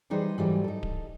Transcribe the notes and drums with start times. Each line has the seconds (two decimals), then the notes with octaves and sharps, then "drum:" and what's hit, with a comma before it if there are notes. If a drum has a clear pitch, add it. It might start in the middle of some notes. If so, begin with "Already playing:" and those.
0.10 E3 G3 D#4 G#4 B4 C5
0.38 G#2 E3 F#3 G3 A3 G4
0.64 D#4 A4
0.83 drum: kick D1